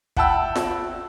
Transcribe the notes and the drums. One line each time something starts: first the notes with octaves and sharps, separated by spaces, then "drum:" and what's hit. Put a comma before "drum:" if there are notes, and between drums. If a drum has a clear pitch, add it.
E5 F#5 G5 A5 B5 E6, drum: kick
drum: snare F4